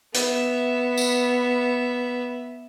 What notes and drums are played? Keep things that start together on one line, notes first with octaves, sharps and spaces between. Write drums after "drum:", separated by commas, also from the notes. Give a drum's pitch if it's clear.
B3 E5, drum: hi-hat
drum: tambourine